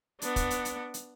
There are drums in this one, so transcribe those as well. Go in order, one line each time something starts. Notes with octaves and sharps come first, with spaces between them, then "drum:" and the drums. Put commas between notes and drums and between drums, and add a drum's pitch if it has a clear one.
B3 D4, drum: hi-hat
drum: kick, hi-hat
drum: hi-hat
drum: hi-hat
drum: hi-hat